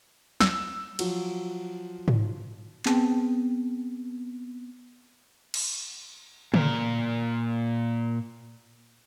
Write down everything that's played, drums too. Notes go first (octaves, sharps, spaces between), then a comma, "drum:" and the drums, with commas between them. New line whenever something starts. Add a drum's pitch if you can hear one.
E6, drum: snare
F3 F#3, drum: cymbal
drum: tom G#2
B3 C4 G#4 G5 A5, drum: clap
drum: cymbal
A#2 A#4, drum: tom C#3